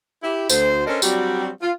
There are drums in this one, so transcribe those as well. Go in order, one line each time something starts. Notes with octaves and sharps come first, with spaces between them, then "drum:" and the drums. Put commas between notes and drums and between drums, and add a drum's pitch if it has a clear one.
E4 G4
D2 C5, drum: tambourine
C#4 D4 A4 A#4 C5 D#5
F#3 G3 C4 D4 F#4 G4, drum: tambourine
F4